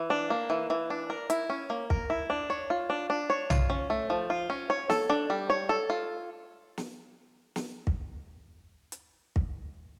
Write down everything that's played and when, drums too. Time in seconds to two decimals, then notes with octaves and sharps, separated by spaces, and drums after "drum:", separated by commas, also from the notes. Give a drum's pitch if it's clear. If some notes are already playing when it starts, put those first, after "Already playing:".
Already playing: E3
0.10 D4
0.30 A#3
0.50 E3
0.70 E3
0.90 D4
1.10 A#4
1.30 E4, drum: hi-hat
1.50 C#4
1.70 A#3
1.90 A#4, drum: kick
2.10 E4
2.30 D4
2.50 C#5
2.70 F4
2.90 D4
3.10 D4
3.30 C#5
3.50 F4, drum: tom
3.70 C#4
3.90 A3
4.10 F3
4.30 F4
4.50 C#4
4.70 C#5
4.90 A4, drum: snare
5.10 D4
5.30 G3
5.50 C#5
5.69 A4
5.90 F4
6.78 drum: snare
7.56 drum: snare
7.87 drum: kick
8.92 drum: hi-hat
9.36 drum: kick